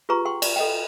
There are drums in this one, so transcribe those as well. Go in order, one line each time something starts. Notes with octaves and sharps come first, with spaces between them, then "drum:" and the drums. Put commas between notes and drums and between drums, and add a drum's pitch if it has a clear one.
F4 G4 G#4 B4 A#5 C#6
G#4 F#5 G5 C6 C#6
D5, drum: cymbal
A4 D#5 F#5 G5